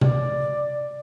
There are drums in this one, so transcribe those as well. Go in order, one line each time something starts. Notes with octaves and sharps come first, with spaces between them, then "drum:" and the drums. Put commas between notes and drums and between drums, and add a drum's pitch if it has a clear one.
D5, drum: tom C3